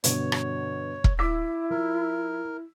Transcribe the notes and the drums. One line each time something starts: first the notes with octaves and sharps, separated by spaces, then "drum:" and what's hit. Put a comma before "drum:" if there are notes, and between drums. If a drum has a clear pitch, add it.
G2 B2 D3 C#5, drum: hi-hat
drum: rim click
drum: kick E1
E4 D6 E6 B6
F3 A#4